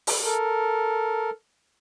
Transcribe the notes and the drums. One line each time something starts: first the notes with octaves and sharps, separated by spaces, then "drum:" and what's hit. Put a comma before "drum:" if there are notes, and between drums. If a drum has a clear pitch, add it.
drum: open hi-hat
A4 A#4